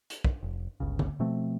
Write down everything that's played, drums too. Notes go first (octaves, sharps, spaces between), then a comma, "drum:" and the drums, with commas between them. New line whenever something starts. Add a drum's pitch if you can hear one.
drum: hi-hat
drum: kick
F1
G1 C#2 C#3
drum: tom
B2 F3 A3 C4